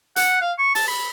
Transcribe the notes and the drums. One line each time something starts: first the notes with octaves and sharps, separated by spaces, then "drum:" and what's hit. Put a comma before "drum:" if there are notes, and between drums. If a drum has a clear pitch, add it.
F#5, drum: hi-hat
F5
C#6
A5, drum: open hi-hat
B5